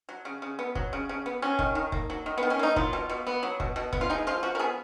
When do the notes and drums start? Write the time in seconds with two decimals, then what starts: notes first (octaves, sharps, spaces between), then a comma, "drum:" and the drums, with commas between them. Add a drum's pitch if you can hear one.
0.09 F#3
0.25 C#3
0.42 C#3
0.59 B3
0.75 F#3, drum: kick
0.93 C#3
1.09 C#3
1.26 B3
1.42 F#3 C#4
1.59 D#3, drum: kick
1.75 D#3
1.92 A#3, drum: kick
2.10 F#3
2.26 D#3
2.38 B3
2.43 D#3
2.50 C#4
2.59 A#3 D#4
2.76 F#3 F4, drum: kick
2.93 B2
3.09 B2
3.27 B3
3.43 F#3
3.60 B2, drum: kick
3.76 B2
3.93 B3, drum: kick
4.01 F4
4.10 G#3 D#4
4.27 F3 F4
4.43 F3 F#4
4.55 A#4
4.59 B3 G#4